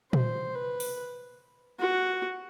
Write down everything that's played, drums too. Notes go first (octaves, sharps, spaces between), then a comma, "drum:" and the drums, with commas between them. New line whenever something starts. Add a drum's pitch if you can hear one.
C5, drum: tom A#2
B4
drum: open hi-hat
F#4